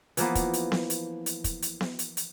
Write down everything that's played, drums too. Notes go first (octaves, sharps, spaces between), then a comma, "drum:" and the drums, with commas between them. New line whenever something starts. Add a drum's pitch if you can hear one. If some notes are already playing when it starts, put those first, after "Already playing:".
E3 F3 A#3 B3, drum: hi-hat
drum: kick, hi-hat
drum: hi-hat
drum: snare B3
drum: hi-hat
drum: hi-hat
drum: kick, hi-hat
drum: hi-hat
drum: snare B3
drum: hi-hat
drum: hi-hat